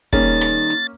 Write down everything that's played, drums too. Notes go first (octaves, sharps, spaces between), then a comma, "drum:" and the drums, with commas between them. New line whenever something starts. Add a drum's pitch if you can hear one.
D#3 G3 A#3 C#4 G#4 A6, drum: kick, hi-hat
drum: rim click
drum: hi-hat